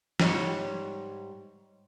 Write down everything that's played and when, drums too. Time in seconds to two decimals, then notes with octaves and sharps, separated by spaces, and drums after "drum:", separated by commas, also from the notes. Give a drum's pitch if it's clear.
0.20 G#2 G3 C#5, drum: snare